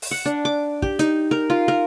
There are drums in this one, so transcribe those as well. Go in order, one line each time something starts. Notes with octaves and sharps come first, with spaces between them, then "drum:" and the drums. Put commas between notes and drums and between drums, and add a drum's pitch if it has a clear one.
drum: open hi-hat
F#5
D4
D6
G4, drum: kick
D#4, drum: hi-hat
A#4
F4
A#4